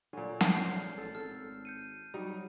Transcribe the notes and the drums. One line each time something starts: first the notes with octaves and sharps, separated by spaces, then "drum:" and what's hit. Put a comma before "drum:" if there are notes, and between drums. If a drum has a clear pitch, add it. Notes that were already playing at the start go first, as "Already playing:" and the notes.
A#2 D3 C#4
G#2 F6 G6 C7, drum: snare
A1 A4
G#1 A4 F6
G6 C#7 D#7
F#3 G3 D#4